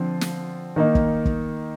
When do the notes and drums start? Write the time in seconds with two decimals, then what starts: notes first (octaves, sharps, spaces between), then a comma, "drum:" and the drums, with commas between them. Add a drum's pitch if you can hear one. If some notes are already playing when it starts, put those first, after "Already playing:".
Already playing: D3 F3 C4
0.21 drum: snare
0.76 D#3 A#3 D#4
0.95 drum: kick
1.26 drum: kick